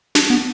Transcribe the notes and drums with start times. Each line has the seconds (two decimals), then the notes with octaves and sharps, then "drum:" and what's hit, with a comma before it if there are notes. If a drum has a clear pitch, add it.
0.15 D4, drum: snare
0.30 B3